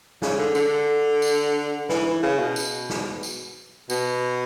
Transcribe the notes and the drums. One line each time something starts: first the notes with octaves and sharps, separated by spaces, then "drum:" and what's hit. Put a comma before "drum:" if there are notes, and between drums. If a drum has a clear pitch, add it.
C#3, drum: snare
D3
D3, drum: tambourine
drum: tambourine
E3, drum: snare
E3
C#3
B2
drum: tambourine
drum: snare
drum: tambourine
B2, drum: tambourine